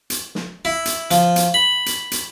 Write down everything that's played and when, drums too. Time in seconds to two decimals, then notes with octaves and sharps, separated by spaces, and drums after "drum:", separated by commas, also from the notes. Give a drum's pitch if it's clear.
0.10 drum: hi-hat
0.35 drum: snare
0.65 E4
0.85 drum: hi-hat
1.11 F3, drum: hi-hat
1.36 drum: hi-hat
1.54 B5
1.86 drum: hi-hat
2.11 drum: hi-hat